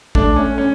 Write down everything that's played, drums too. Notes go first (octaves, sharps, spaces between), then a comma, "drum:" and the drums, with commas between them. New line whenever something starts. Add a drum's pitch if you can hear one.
A3 D4, drum: kick
C#4
C#4